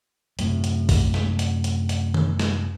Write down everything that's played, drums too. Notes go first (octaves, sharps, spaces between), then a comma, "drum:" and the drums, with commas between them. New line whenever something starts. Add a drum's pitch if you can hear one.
F#2 A2 C3, drum: hi-hat
drum: hi-hat
drum: kick, open hi-hat
drum: snare
drum: hi-hat
drum: hi-hat
drum: hi-hat
drum: tom D3
drum: snare